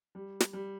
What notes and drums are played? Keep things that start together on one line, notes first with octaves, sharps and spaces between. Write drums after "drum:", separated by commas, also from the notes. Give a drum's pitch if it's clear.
G3
drum: snare
G3